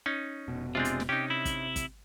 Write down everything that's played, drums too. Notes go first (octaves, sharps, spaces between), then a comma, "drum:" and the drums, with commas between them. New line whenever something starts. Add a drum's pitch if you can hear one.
C#4 D#4
F1 B2
C3 G#3 C4 D4 F4
drum: hi-hat
drum: snare
C3 C#4 D#4 G4
E4
drum: kick, hi-hat
drum: kick, hi-hat